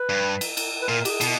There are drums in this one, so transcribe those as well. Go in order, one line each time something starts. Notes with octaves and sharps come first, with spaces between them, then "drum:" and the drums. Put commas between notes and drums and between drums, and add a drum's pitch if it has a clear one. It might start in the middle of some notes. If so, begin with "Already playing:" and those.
Already playing: B4
G2
drum: cymbal
drum: cymbal
B4
A#2 A#4
G4, drum: cymbal
G#4
B2, drum: cymbal